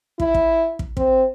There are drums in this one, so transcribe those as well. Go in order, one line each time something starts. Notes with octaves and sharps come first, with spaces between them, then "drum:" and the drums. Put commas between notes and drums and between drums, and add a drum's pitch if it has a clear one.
E4, drum: kick
drum: kick
drum: kick
C4, drum: kick